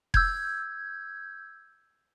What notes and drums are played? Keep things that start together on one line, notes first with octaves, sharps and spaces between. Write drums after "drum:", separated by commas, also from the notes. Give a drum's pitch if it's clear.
E6 G6 G#6, drum: kick F1